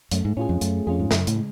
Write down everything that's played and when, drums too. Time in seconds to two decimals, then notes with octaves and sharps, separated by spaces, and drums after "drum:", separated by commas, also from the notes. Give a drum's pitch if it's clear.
0.11 F#2 A3, drum: hi-hat
0.25 G#2
0.37 A2 C#4 F4 G#4
0.49 F2
0.61 F#2 A3, drum: hi-hat
0.87 F2 C#4 F4 G#4
0.99 G#2
1.11 F#2 C#3, drum: snare
1.27 A2, drum: hi-hat
1.36 G#3